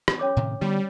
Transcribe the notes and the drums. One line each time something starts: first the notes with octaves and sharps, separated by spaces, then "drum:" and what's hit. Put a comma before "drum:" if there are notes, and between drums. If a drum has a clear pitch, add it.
drum: rim click
C#4 C#5 D6
A2 C3 D#3
D3 G3 B3